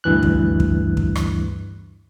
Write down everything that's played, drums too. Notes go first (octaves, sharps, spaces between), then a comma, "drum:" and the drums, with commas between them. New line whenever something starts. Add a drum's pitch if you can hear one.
D2 G2 E3 F#6
drum: kick
drum: kick
drum: kick
drum: rim click